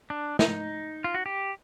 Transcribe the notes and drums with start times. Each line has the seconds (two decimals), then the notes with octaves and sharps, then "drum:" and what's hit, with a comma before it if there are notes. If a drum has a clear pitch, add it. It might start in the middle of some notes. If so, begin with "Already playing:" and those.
0.10 D4
0.39 D#4, drum: snare
1.04 F4
1.14 F#4
1.26 G4